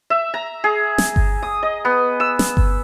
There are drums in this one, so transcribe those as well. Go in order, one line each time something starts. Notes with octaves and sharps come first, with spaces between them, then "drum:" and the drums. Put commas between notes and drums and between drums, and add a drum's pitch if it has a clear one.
E5
A#5
G#4
drum: snare
drum: kick G1
D#6
D#5
B3
E6
drum: snare
drum: kick G1